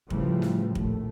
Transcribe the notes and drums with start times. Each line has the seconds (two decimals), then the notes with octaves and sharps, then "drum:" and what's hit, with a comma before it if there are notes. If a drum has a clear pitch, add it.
0.10 A2 C#3 E3 F3 G3 A3, drum: kick
0.42 drum: snare
0.75 A#1 D#2 A2 A3, drum: kick